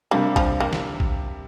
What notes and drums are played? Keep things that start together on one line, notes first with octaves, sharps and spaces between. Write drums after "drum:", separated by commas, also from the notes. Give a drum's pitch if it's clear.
C3 G3 A#3 D4
F3, drum: kick
A#3
drum: snare
drum: kick